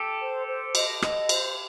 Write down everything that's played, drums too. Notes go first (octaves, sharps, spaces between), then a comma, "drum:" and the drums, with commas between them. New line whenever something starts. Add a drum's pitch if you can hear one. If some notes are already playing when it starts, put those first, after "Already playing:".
Already playing: G4 A4
C5
C5
D#5, drum: cymbal
D#5, drum: rim click
C5, drum: cymbal